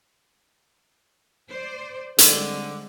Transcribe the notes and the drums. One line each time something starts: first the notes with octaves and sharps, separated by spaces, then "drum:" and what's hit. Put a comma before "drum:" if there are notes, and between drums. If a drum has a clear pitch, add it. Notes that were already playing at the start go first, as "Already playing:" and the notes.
C5 D5
D3 G3 G#3 C4, drum: hi-hat